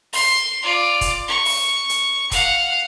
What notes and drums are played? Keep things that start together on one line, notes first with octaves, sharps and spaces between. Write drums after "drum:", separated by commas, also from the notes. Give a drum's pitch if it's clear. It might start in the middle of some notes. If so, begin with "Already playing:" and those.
C6, drum: open hi-hat
F4 D5
drum: kick, hi-hat
C#6
drum: open hi-hat
drum: hi-hat
F5 F#5, drum: kick, hi-hat